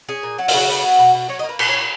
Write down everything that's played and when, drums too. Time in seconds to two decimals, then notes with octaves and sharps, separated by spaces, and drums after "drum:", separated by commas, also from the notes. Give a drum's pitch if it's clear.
0.09 C#4 G#4
0.23 A#2
0.38 F#3 F#4
0.48 F4, drum: open hi-hat
0.53 C#3 F#4
0.68 B3
0.83 F#3
0.99 B2
1.14 B2
1.29 F#3 C#5
1.39 D#5
1.44 A#3
1.49 B4
1.59 A#2 B4, drum: cymbal
1.69 C#5
1.74 A#2